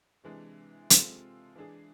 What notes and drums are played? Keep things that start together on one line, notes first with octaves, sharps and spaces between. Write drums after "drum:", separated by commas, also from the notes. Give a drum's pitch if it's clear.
C3 E3 G#3 D4
C3 G#3 C4 F4 A4, drum: hi-hat
E3 G#3 D4 G#4